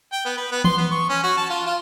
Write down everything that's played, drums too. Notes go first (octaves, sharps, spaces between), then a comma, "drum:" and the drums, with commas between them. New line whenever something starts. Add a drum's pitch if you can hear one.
G5
B3
B4
B3
C6, drum: tom E3
B3
C#6
C#4
F#4
A5
F4
F4